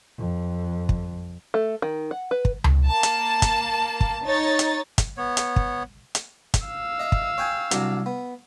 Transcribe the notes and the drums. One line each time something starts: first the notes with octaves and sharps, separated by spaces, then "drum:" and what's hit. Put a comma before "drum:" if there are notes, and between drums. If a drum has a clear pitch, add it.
F2
drum: kick
A3
D#3
F#5
B4
drum: kick
drum: tom C#2
A#3 A5
drum: hi-hat
drum: kick, hi-hat
drum: kick
D#4 C#5 A6
drum: hi-hat
drum: kick, hi-hat
B3 C#5
drum: hi-hat
drum: kick
drum: hi-hat
drum: kick, hi-hat
F5 E6
D#5 E5
drum: kick
C#5 G5 G#5
C2 F#3 D4, drum: hi-hat
B3